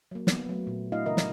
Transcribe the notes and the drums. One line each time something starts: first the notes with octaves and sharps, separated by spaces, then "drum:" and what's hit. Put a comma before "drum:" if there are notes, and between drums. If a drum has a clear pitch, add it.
F#3 A#3
F#3 B3, drum: snare
F#3 A3
A#2
A3 D4 E4 F#4 D#5 F5
C#3 E3 A#4 D#5
drum: snare